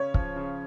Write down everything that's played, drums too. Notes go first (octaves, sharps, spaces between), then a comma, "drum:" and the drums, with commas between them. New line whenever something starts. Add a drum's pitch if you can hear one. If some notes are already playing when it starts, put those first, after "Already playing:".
Already playing: C#3 C#4 C#5
F3, drum: kick
C#3